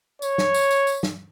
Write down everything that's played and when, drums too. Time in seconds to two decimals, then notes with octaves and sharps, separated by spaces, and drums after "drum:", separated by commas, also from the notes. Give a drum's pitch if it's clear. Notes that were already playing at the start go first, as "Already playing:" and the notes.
0.22 C#5, drum: tambourine
0.38 drum: snare
0.55 drum: tambourine
0.71 drum: tambourine
0.87 drum: tambourine
1.03 drum: snare